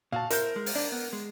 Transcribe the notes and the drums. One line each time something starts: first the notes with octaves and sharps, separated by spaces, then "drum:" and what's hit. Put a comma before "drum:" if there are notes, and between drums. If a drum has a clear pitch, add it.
A#2 F#4 F5 A5
E4 A#4 C5 G6, drum: hi-hat
G#3
drum: open hi-hat
D4 D5
B3
G#3